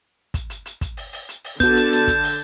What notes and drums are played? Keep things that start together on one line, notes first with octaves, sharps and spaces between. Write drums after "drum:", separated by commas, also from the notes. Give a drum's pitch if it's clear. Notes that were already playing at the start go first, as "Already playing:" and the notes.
drum: kick, hi-hat
drum: hi-hat
drum: hi-hat
drum: kick, hi-hat
drum: open hi-hat
drum: open hi-hat
drum: hi-hat
drum: open hi-hat
D3 B3 F#4 A5 G6, drum: kick, hi-hat
drum: hi-hat
drum: hi-hat
drum: kick, hi-hat
drum: open hi-hat